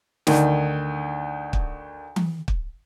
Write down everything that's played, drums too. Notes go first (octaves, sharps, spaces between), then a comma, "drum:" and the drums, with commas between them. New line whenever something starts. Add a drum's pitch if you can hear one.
D2 D#3, drum: snare
drum: kick
drum: tom E3
drum: kick